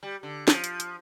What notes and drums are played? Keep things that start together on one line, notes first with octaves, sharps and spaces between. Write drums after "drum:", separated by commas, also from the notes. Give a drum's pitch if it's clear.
G3
D3
F3, drum: snare
drum: hi-hat
drum: hi-hat